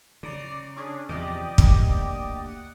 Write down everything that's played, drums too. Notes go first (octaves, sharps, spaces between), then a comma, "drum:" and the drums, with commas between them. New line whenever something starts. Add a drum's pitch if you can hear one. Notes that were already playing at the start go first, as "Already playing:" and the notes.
C#3 D5 A#5 C7
C#4 D4 G#4
E2 C3 F3 G4 D5 D#5
D2 A#3, drum: kick
F#5